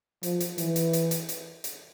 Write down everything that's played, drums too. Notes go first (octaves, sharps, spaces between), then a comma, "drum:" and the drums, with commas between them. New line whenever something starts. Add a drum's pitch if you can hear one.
F3, drum: hi-hat
drum: hi-hat
E3, drum: hi-hat
drum: hi-hat
drum: hi-hat
drum: hi-hat
drum: hi-hat
drum: hi-hat